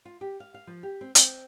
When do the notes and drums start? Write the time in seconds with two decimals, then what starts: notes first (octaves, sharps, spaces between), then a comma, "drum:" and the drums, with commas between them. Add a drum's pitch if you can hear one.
0.05 F4
0.21 G4
0.40 F5
0.54 F5
0.67 F3
0.83 G4
1.01 C4
1.15 C4, drum: hi-hat